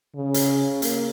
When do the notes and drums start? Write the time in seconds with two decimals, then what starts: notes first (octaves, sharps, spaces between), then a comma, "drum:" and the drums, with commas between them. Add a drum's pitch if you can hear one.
0.16 C#3
0.34 drum: hi-hat
0.82 A#3, drum: hi-hat